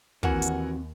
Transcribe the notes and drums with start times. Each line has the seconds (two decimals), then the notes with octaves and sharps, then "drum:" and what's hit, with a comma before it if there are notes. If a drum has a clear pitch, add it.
0.23 D#2 E3 C4 F#4 A#4 F#5 G#5, drum: kick
0.42 drum: hi-hat